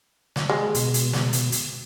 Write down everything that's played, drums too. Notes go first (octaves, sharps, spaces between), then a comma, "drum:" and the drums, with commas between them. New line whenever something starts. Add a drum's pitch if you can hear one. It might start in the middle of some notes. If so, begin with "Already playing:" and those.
drum: snare
G#3
B2, drum: hi-hat
drum: hi-hat
drum: snare
drum: hi-hat
drum: hi-hat